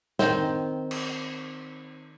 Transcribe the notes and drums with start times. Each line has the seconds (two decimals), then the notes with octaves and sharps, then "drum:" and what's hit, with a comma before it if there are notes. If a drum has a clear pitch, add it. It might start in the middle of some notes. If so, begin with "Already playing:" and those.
0.19 D#3 C4, drum: snare
0.91 drum: cymbal